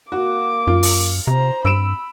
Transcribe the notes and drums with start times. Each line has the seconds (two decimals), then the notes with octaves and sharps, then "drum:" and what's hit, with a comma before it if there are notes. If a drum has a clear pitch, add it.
0.12 A#3 F#4 D6
0.67 F#2 F4
0.83 drum: open hi-hat
1.27 C3 C5 A#5
1.65 G2 B5 E6 D7 E7